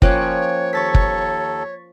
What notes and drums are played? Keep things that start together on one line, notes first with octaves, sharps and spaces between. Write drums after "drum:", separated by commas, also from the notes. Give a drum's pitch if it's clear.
F3 A#3 C#4 C#5 G5 F#6, drum: kick
D#2 A4 C#6 A6 B6
drum: kick